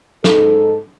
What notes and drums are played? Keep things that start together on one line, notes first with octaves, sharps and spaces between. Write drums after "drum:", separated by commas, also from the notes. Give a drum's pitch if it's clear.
G#2 D#4 A4, drum: snare